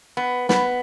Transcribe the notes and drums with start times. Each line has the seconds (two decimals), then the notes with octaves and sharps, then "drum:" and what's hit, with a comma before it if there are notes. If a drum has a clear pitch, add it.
0.17 B3
0.49 B3, drum: snare